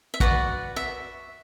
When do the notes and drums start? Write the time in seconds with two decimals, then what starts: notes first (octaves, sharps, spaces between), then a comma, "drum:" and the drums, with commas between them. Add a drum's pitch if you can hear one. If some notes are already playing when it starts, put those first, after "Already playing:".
0.14 E5
0.20 F#4 B4 D5 F#5, drum: kick
0.76 E5